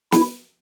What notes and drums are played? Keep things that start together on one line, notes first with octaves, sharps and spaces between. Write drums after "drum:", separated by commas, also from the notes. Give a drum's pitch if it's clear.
E4, drum: snare